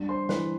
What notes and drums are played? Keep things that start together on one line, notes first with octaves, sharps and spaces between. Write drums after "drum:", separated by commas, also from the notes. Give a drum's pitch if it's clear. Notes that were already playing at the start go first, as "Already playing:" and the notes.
Already playing: G2
C5 C6
E3 B4 B5, drum: snare